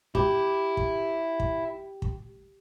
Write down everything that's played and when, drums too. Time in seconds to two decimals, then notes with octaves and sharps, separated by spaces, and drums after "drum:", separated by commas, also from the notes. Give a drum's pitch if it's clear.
0.15 E4 G4, drum: kick
0.77 drum: kick
1.40 drum: kick
2.02 drum: kick